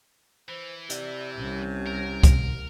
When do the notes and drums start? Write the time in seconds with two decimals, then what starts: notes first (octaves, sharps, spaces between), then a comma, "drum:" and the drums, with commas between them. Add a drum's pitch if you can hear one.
0.49 E3 C5
0.90 C3 D5, drum: hi-hat
1.39 C2 C#4
1.87 A#4
2.23 drum: kick C2, hi-hat